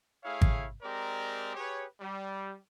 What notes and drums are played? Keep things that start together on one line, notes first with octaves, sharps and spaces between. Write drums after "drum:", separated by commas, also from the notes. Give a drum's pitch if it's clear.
A3 E4 G#4 C#5 F5
drum: kick G#1
G#3 C4 G4 A#4 D5 A#5
G4 G#4 B4 C#5
G3